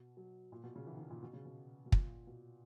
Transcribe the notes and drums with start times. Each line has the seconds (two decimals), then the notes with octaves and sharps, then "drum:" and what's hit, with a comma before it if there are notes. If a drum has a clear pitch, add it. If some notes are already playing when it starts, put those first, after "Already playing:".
Already playing: B2
0.17 F#3
0.52 A#2
0.64 B2
0.76 C#3
0.87 E3
0.94 D#3
0.99 E3
1.10 A#2
1.22 B2
1.33 C#3
1.45 B2
1.86 B2
1.92 A#2, drum: kick
2.27 B2